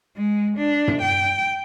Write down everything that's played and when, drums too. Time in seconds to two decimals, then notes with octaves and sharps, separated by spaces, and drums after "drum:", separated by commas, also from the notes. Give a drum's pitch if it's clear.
0.16 G#3
0.57 D4
0.88 drum: tom
1.02 G5